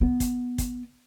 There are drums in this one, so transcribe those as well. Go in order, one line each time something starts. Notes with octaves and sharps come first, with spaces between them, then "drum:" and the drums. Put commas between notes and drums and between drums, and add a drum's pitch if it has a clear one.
B3
drum: kick, hi-hat
drum: kick, hi-hat